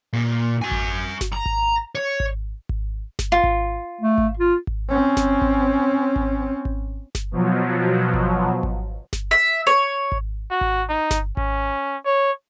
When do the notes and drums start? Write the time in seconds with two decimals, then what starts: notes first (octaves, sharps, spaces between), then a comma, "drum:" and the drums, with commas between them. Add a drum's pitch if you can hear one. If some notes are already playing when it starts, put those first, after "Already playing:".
0.13 A#2
0.62 F#4 G#5
0.71 drum: kick G#1
1.21 drum: snare G1
1.33 A#5
1.46 drum: kick G#1
1.95 C#5
2.20 drum: kick G#1
2.69 drum: kick G#1
3.19 drum: snare G1
3.32 F4
3.44 drum: kick G#1
4.01 A3
4.18 drum: kick G#1
4.39 F4
4.67 drum: kick G#1
4.89 C4 C#4
5.17 drum: snare G1
5.42 drum: kick G#1
6.16 drum: kick G#1
6.65 drum: kick G#1
7.15 drum: snare G1
7.31 B2 F3 F#3
8.14 drum: kick G#1
8.63 drum: kick G#1
9.13 drum: snare G1
9.31 E5
9.67 C#5
10.12 drum: kick G#1
10.51 F#4
10.61 drum: kick G#1
10.89 D#4
11.11 drum: snare G1
11.37 C#4, drum: kick G#1
12.05 C#5